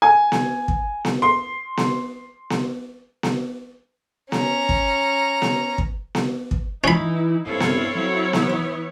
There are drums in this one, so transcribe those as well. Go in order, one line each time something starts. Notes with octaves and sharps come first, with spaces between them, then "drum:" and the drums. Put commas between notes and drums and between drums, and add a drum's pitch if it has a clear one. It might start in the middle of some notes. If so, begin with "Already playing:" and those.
G#5
drum: snare B3
drum: kick
drum: snare B3
C6
drum: snare B3
drum: snare B3
drum: snare B3
C#4 A#5, drum: snare B3
drum: kick
drum: snare B3
drum: kick
drum: snare B3
drum: kick
E3 C#4 D#4 E4 B5
G2 C4 E4 A4 C#5 F5
drum: snare B3
F#3
E3 B3, drum: snare B3